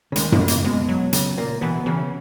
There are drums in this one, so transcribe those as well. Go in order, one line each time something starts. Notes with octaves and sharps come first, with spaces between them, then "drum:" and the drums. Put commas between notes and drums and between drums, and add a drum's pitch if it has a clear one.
C#3
D#2 D#3 G#3, drum: hi-hat
G#3, drum: tom F#2
C#2 C#3
A#3, drum: hi-hat
B2 G#3
F#3
C#2 C#3, drum: hi-hat
A#2 A#3
B2 E3 B3
C#3 E3 C#4